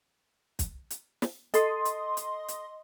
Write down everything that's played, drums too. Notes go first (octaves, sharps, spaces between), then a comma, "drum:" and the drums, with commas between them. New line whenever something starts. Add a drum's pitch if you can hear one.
drum: kick, hi-hat
drum: hi-hat
drum: snare
A4 D#5 C6 D#6, drum: hi-hat
drum: hi-hat
drum: hi-hat
drum: hi-hat